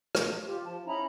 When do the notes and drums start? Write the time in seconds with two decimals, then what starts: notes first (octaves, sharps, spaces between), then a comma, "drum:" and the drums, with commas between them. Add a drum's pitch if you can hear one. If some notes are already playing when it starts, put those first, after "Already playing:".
0.15 drum: rim click
0.45 F4 G4
0.63 F3 A5
0.86 C#4 D#4 E4 A#5 B5